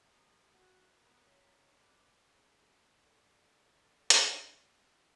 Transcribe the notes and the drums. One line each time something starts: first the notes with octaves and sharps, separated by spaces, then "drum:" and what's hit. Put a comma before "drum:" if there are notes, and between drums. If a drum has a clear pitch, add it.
A#2 F3 G4
F#4
B3 A#4
C#4 E4 F#4 A#4 C#5
A#3 C4 D4 G4 B4 C5
G#2 F#3 A#3 C#4
A4 D5 F5
drum: hi-hat